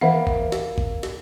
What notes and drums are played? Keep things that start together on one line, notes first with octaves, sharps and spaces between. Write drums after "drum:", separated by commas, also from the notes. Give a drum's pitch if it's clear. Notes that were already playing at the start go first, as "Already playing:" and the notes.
E3 A#3 E5 F#5
drum: kick G#1
drum: snare
drum: kick G#1
drum: snare